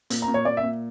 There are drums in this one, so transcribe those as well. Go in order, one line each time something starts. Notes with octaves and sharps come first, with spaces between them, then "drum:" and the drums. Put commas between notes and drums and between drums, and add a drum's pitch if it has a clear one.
A#2, drum: hi-hat
A#5
A#2
C#5
A#2 D5
E5
A#2